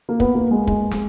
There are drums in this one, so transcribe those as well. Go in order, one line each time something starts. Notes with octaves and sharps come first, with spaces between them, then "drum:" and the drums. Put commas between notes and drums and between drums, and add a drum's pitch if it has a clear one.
A#3
B3, drum: kick
A#3
G#3
G#3, drum: kick
drum: snare